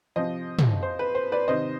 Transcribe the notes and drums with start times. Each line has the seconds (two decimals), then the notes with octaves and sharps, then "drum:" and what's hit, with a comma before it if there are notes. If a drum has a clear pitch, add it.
0.16 C3 F3 C5 D#5
0.59 drum: tom
0.83 C5
0.99 B4
1.15 C5
1.32 B4 D5
1.48 C3 D#3 C5 D#5